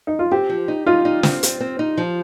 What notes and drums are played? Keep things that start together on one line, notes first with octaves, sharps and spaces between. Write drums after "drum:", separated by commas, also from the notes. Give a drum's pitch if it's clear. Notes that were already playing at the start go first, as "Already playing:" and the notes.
D#4
F4
C4 G4
F3
D#4
D#4 F4
D#4
C4, drum: snare
C4, drum: hi-hat
C4
D#4
F3